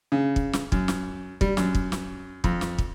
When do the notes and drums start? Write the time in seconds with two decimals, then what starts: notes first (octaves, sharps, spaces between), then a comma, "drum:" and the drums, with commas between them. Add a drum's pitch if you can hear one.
0.12 C#3
0.36 drum: kick
0.53 drum: snare
0.72 F#2, drum: kick
0.88 drum: snare
1.41 G3, drum: kick
1.57 F#2, drum: snare
1.75 drum: kick
1.92 drum: snare
2.44 F2, drum: kick
2.61 drum: snare
2.78 drum: kick